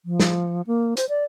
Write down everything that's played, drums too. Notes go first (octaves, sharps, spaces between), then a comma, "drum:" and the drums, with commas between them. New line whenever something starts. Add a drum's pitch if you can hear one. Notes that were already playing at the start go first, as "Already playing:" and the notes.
F3
drum: snare
A#3
C5, drum: hi-hat
D5